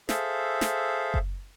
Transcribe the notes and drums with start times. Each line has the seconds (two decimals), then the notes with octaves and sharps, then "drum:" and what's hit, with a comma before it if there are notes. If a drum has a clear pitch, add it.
0.09 G#4 A4 C5 E5 F5, drum: snare
0.61 drum: snare
1.14 drum: kick F#1